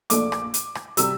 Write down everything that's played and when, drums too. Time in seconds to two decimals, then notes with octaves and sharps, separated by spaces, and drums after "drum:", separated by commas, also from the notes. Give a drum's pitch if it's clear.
0.10 A#1 A#2 A3 D4 D6, drum: hi-hat
0.32 drum: rim click
0.54 drum: hi-hat
0.75 drum: rim click
0.97 C3 G3 E6, drum: hi-hat